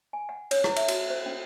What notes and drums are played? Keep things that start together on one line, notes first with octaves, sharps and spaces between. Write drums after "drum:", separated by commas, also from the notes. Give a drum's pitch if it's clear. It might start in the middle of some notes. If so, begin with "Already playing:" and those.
G#5
F#5
C#5, drum: cymbal
E4, drum: rim click
E5, drum: cymbal
F#4, drum: cymbal
C5
C#4